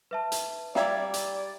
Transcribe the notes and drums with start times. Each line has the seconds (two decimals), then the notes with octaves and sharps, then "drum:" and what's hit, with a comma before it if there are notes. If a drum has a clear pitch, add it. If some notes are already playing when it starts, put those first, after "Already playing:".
0.11 B4 E5 A5
0.32 drum: hi-hat
0.75 G3 D5 E5 F5 G5 A#5 G#6, drum: snare
1.14 drum: hi-hat